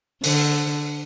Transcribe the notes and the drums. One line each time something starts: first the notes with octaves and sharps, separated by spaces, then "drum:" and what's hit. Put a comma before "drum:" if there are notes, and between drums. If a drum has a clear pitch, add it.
D3, drum: open hi-hat